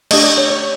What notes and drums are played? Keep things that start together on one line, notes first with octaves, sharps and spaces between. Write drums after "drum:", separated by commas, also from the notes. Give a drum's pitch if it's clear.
A3 D4 G4 D#5, drum: cymbal
D5
C#5
C#5